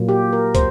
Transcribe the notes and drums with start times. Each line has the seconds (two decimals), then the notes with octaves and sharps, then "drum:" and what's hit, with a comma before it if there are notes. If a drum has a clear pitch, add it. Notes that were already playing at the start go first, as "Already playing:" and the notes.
Already playing: A#2 F#3 A#3
0.09 G4
0.33 A#4
0.55 C5, drum: kick, hi-hat